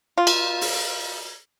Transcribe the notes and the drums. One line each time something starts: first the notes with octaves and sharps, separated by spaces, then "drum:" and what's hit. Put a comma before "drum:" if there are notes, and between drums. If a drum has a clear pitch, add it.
F4
drum: cymbal
drum: open hi-hat